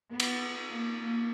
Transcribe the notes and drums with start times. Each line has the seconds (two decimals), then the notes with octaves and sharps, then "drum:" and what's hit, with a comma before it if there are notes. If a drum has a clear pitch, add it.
0.10 B3
0.20 drum: cymbal
0.69 A#3
1.01 A#3